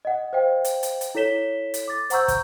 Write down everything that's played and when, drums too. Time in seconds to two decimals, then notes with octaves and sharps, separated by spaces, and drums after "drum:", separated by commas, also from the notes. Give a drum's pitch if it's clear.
0.05 D#5 F#5
0.33 C5 D#5 F5 G5
0.65 drum: hi-hat
0.83 drum: hi-hat
1.01 drum: hi-hat
1.15 E4 A4 C#5 B6 E7 G7
1.74 drum: hi-hat
1.88 D6 A6
2.10 C5 F#5 A#5 C#6 E6 G6, drum: hi-hat
2.28 drum: kick, hi-hat